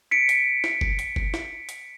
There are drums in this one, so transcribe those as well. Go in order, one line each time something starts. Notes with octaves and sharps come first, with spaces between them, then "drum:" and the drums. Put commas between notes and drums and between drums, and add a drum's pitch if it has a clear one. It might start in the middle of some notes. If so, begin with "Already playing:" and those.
B6 C#7 D7
drum: hi-hat
drum: snare
drum: kick F#1
drum: hi-hat
drum: kick F#1
drum: snare
drum: hi-hat